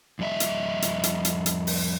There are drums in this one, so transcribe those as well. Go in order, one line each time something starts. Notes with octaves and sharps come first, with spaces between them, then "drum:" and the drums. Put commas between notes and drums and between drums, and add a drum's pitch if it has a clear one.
F2 G3 D#5 E5
drum: hi-hat
drum: hi-hat
drum: hi-hat
drum: hi-hat
drum: hi-hat
drum: open hi-hat